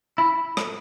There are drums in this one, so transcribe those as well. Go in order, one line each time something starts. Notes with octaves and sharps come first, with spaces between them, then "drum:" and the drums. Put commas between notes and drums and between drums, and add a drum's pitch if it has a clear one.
E4
drum: rim click